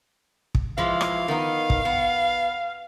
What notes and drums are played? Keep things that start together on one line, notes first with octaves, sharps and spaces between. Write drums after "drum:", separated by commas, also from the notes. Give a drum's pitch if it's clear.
drum: kick
E3 F3 G#3 F5
drum: rim click
D#3 B3 D#4
drum: kick
B3